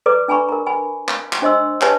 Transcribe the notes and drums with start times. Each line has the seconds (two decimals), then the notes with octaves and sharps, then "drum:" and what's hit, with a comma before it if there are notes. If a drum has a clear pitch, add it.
0.06 A4 B4 D5 A#5 D6
0.28 D4 G#5 A#5 B5 C#6
0.49 A#4 A#5
0.66 G#5 B5
1.08 drum: clap
1.33 drum: clap
1.42 D4 C5 D#5 C6 E6
1.81 G4 B4 C#5 G#5 A5, drum: clap